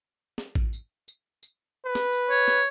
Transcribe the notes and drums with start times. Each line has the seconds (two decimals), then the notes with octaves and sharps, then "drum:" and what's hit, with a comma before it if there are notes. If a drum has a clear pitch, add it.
0.38 drum: snare
0.55 drum: kick A1
0.73 drum: tambourine
1.08 drum: tambourine
1.43 drum: tambourine
1.85 B4
1.95 drum: snare
2.13 drum: tambourine
2.30 C#5
2.48 drum: snare